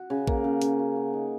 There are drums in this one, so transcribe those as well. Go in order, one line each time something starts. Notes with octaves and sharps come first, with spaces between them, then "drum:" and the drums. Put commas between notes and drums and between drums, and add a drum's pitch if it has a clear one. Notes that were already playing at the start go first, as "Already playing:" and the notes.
Already playing: F#4
C#3
A#3, drum: kick A#1
C#3
C#3, drum: hi-hat
F#4
F#4
D#4